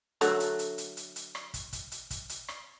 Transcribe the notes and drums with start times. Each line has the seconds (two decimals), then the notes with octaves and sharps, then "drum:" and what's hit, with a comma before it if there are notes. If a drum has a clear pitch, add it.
0.21 D3 F#3 A3, drum: hi-hat
0.40 drum: hi-hat
0.59 drum: hi-hat
0.78 drum: hi-hat
0.97 drum: hi-hat
1.16 drum: hi-hat
1.35 drum: rim click
1.54 drum: kick, hi-hat
1.73 drum: kick, hi-hat
1.92 drum: hi-hat
2.11 drum: kick, hi-hat
2.29 drum: hi-hat
2.48 drum: rim click